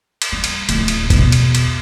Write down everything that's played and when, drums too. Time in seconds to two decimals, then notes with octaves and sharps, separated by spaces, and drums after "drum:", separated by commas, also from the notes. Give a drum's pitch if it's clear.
0.22 drum: cymbal
0.32 G3
0.44 drum: cymbal
0.69 D1, drum: cymbal
0.88 drum: cymbal
1.10 E2 B2, drum: kick, cymbal
1.32 drum: cymbal
1.55 drum: cymbal